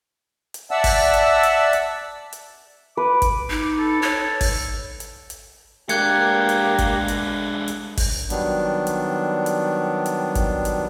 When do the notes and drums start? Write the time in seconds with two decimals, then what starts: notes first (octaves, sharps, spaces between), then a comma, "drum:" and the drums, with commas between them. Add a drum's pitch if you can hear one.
0.54 drum: hi-hat
0.71 D5 E5 F#5 A5 E6
0.84 drum: kick G#1, open hi-hat
1.14 drum: hi-hat
1.43 drum: hi-hat
1.73 drum: hi-hat
2.33 drum: hi-hat
2.97 B4 D6
3.22 drum: kick G#1, hi-hat
3.50 D#4
3.79 A4
4.02 C#5
4.41 drum: kick G#1, open hi-hat
5.00 drum: hi-hat
5.30 drum: hi-hat
5.89 G#3 A#3 D4 G4 F#6 G#6 C#7, drum: hi-hat
6.49 drum: hi-hat
6.79 drum: kick G#1, hi-hat
7.08 drum: hi-hat
7.68 drum: hi-hat
7.97 drum: kick G#1, open hi-hat
8.30 D#3 F#3 G3 B3 D4, drum: hi-hat
8.87 drum: hi-hat
9.46 drum: hi-hat
10.06 drum: hi-hat
10.35 drum: kick G#1, hi-hat
10.65 drum: hi-hat